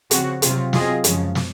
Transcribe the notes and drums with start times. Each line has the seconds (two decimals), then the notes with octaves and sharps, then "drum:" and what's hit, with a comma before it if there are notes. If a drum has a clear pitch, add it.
0.11 C#3 F3 C4 F#4, drum: hi-hat
0.42 C3 F#3 C4 F4, drum: hi-hat
0.73 F#3 C4 F4 G#4 D#5, drum: snare
1.04 F#2 C#3 F3 G#3, drum: hi-hat
1.35 drum: snare